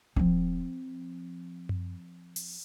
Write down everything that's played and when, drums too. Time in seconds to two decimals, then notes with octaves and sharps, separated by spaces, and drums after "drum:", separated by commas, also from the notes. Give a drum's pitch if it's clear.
0.16 F3 C4, drum: kick D#1
1.69 drum: tom F#2
2.36 drum: open hi-hat